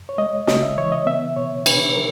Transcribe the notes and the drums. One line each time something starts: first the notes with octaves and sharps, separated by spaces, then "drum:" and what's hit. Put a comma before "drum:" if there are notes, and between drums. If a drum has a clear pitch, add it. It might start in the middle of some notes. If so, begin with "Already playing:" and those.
Already playing: F#2
C#5
G#3 D#5
C#3 D#5, drum: snare
E5
E3 C#5
D#5
B3 E5
B2 C#5
B2 B4, drum: cymbal
F#3 A#4